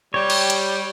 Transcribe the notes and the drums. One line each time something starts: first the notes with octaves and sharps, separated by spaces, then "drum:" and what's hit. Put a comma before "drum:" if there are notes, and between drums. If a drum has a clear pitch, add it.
G3 G4 C#5
drum: cymbal
drum: hi-hat